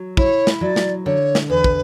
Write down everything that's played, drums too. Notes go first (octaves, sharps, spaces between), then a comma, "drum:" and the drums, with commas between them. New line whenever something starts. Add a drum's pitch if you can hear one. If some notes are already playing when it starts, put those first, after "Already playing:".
Already playing: F#3
E4 C#5, drum: kick
drum: snare
F#3 D5
drum: snare
D3 C#5
drum: snare
E2 B4
drum: kick